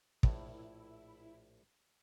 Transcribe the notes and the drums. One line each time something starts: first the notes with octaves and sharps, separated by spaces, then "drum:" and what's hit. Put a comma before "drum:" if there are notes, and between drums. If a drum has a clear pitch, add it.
A#1 A2 E4, drum: kick